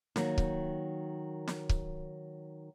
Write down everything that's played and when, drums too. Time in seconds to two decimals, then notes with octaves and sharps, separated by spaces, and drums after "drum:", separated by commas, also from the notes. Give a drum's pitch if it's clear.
0.16 D#3 F#3 A#3, drum: snare
0.38 drum: kick C#1
1.47 drum: snare
1.69 drum: kick C#1